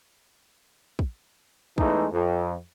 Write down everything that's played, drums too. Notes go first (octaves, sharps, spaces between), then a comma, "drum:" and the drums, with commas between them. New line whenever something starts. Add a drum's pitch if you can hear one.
drum: kick
E2 E3 G#3 A3 D#4, drum: kick
F2